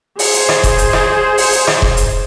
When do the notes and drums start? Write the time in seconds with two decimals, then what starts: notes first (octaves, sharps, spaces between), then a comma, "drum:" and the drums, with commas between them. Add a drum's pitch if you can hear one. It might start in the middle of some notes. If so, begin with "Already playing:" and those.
0.19 G#4 C5, drum: open hi-hat
0.34 drum: hi-hat
0.49 drum: rim click
0.63 drum: kick E1, hi-hat
0.78 drum: hi-hat
0.93 drum: rim click
1.38 drum: open hi-hat
1.52 drum: hi-hat
1.67 drum: rim click
1.82 drum: kick E1
1.97 drum: hi-hat